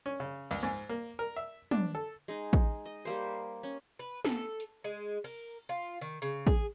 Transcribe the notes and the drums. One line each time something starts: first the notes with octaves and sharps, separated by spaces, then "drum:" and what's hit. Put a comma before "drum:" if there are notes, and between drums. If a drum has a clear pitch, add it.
C#4
C#3
C#2, drum: cymbal
G#2
A#3
A#4
E5
D4, drum: tom
A4
G#3 D#4
drum: kick
D#5
G3 A#3 C5
C#4
B4
A4, drum: snare
drum: hi-hat
G#3
A#4, drum: cymbal
F4
D#3
C#3
G#4, drum: kick